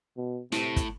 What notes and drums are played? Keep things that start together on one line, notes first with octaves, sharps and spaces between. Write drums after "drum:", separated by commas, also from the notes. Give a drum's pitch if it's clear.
B2
A2 C3, drum: snare
drum: kick, hi-hat